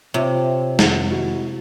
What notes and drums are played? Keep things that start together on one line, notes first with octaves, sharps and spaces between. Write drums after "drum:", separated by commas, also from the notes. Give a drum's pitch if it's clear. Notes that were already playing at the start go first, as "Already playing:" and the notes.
C3 F4 C#5
F2 D#3 F#5, drum: snare
G#3 E4 F#4